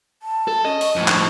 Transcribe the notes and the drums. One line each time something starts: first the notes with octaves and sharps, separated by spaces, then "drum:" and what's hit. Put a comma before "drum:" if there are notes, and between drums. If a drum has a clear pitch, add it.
A5
A4
C#4 D#5
C#6, drum: open hi-hat
F2 A2 A5
C#6, drum: clap